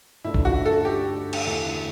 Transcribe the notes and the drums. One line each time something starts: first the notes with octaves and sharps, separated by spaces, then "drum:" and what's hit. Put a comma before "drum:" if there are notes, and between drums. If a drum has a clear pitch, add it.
G2 D3 A3 D4 E4
drum: kick C2
F#4
A4
G4
drum: cymbal
E2 D3 A3 E4